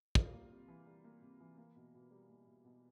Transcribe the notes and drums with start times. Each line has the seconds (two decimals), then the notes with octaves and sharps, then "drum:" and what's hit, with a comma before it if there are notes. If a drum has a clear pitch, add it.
0.15 G3 F4, drum: kick
0.33 A#3
0.51 C3
0.68 E3
0.87 G3
1.04 A#3
1.22 C3
1.40 E3
1.58 A#3
1.76 B2
1.94 B2
2.11 G3
2.29 A#3
2.47 B2
2.65 B2